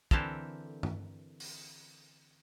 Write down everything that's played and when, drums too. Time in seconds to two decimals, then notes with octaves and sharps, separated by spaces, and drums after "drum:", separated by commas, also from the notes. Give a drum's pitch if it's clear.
0.11 D3 E3 C4 G4 A4 A#4, drum: kick
0.83 drum: tom G2
1.40 drum: open hi-hat